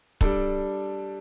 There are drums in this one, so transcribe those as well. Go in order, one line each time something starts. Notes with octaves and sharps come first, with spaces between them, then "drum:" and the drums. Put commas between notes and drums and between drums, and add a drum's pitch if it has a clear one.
G3 D4 A4, drum: kick